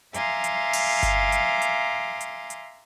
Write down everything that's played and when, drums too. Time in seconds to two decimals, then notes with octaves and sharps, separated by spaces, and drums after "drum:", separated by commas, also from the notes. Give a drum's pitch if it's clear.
0.14 E5 F5 G#5 A#5 C6 D6, drum: hi-hat
0.44 drum: hi-hat
0.73 drum: open hi-hat
1.03 drum: kick G1, hi-hat
1.32 drum: hi-hat
1.62 drum: hi-hat
2.21 drum: hi-hat
2.50 drum: hi-hat